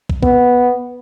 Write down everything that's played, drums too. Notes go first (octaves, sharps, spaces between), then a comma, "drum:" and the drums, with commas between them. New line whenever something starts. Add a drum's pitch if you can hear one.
drum: kick
B3, drum: kick